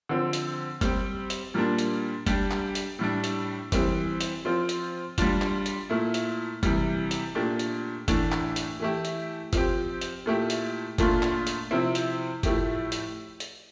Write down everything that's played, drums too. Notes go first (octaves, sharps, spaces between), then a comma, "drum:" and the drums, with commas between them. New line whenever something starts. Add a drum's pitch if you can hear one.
D3 F3 C4
drum: hi-hat
G3 C4 G4, drum: kick G1, hi-hat
drum: hi-hat
A#2 G3 A#3 D4 F4
drum: hi-hat
G3 D4 G4, drum: kick G1, hi-hat
drum: clap
drum: hi-hat
A2 G3 D4
drum: hi-hat
E3 G3 C4 G4, drum: kick G1, hi-hat
drum: hi-hat
F3 C4 F4
drum: hi-hat
G3 D4 F4, drum: kick G1, hi-hat
drum: clap
drum: hi-hat
A#2 A3 E4
drum: hi-hat
C3 E3 G3, drum: kick G1, hi-hat
drum: hi-hat
A#2 A3 D4 G4
drum: hi-hat
A2 E3 A3 D4, drum: kick G1, hi-hat
drum: clap
drum: hi-hat
E3 A3 E4 G4
drum: hi-hat
F3 C4 G4, drum: kick G1, hi-hat
drum: hi-hat
A#2 A3 E4 G4
drum: hi-hat
A#2 A3 D4 F4, drum: kick G1, hi-hat
drum: clap
drum: hi-hat
C3 F3 C4 E4
drum: hi-hat
A2 F3 A3 E4 G4, drum: kick G1, hi-hat
drum: hi-hat
drum: hi-hat